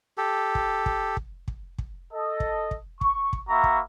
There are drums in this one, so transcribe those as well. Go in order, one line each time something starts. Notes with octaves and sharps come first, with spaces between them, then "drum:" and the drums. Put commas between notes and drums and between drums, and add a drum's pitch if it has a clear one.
G4 A4
drum: kick
drum: kick
drum: kick
drum: kick
drum: kick
A4 D#5
drum: kick
drum: kick
C#6, drum: kick
drum: kick
A#3 F#4 E5 A#5 B5 C#6
drum: kick